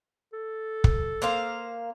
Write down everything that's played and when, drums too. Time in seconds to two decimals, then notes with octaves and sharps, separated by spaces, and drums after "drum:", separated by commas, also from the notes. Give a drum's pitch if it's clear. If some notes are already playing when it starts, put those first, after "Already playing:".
0.33 A4
0.84 drum: kick
1.22 A#3 C5 F5